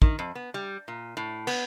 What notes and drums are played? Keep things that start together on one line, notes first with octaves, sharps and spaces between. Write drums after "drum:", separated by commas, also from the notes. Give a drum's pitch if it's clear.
D#3, drum: kick
F2
B3
G3
A#2
A2
B3, drum: cymbal